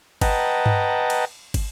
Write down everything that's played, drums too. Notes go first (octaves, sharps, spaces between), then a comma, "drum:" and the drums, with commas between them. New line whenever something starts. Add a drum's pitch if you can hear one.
B4 D#5 F#5 G5 A5 A#5, drum: kick, cymbal
drum: tom G2
drum: cymbal
drum: kick, cymbal